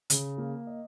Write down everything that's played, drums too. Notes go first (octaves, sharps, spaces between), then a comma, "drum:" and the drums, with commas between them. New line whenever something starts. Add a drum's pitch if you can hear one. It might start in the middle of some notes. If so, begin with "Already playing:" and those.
C#3, drum: hi-hat
A#3
D#5